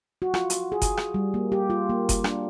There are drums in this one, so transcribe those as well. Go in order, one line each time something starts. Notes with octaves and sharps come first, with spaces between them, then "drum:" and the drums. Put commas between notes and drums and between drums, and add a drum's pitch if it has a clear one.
F#4
F4, drum: rim click
drum: hi-hat
G#4
drum: kick F#1, hi-hat
drum: rim click
G3
A#3
G4
F4
A#3
drum: kick F#1, hi-hat
D4, drum: rim click